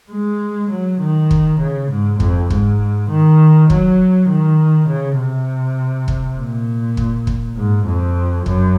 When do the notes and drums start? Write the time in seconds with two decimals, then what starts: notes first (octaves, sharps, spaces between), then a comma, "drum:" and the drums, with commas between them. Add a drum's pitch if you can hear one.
0.11 G#3
0.70 F#3
1.01 D#3
1.31 drum: kick
1.60 C#3
1.91 G#2
2.20 F2, drum: kick
2.50 G#2, drum: kick
3.10 D#3
3.70 F#3, drum: kick
4.29 D#3
4.88 C#3
5.18 C3
6.08 drum: kick
6.38 A#2
6.97 drum: kick
7.27 drum: kick
7.57 G#2
7.87 F2
8.46 F#2, drum: kick